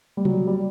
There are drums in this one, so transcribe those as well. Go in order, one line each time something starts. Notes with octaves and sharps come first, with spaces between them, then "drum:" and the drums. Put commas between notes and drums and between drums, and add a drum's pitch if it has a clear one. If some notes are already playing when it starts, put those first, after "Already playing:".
G3
F#3, drum: tom C3
G3